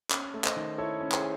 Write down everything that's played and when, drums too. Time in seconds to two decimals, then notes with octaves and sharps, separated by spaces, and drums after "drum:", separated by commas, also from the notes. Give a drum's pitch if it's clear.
0.11 C#4, drum: clap
0.34 A3
0.44 C5 D#5, drum: clap
0.56 D#3
0.78 E4 A4 C#5
1.01 C#4
1.12 G#4 C5, drum: clap